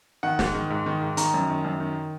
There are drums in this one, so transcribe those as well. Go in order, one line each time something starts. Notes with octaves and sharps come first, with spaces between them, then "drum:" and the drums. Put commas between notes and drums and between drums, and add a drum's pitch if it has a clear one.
D#3 F#5
G#2, drum: snare
D#3
G#2
D#3
G#2
D#3 A#5, drum: hi-hat
F#2
D#3
F#2
D#3